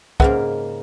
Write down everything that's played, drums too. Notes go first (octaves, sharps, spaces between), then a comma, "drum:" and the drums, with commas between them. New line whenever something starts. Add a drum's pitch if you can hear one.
G#2 C#3 A#3 B4 E5 F#5, drum: kick